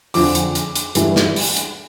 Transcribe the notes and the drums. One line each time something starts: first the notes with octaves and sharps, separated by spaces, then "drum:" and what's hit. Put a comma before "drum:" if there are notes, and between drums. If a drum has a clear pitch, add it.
F2 D3 F3 D6, drum: open hi-hat
drum: hi-hat
drum: hi-hat
drum: hi-hat
G2 E3, drum: hi-hat
drum: snare
drum: open hi-hat
drum: hi-hat